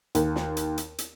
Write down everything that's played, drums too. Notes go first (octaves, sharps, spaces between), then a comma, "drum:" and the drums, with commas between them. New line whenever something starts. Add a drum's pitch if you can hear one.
D#2, drum: hi-hat
drum: snare
drum: hi-hat
drum: hi-hat
drum: hi-hat